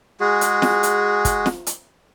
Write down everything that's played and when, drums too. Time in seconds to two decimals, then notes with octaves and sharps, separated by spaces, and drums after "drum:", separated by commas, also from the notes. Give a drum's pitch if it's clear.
0.20 G#3 F#4 G#4
0.41 drum: hi-hat
0.62 drum: snare
0.83 drum: hi-hat
1.25 drum: kick, hi-hat
1.46 drum: snare
1.67 drum: hi-hat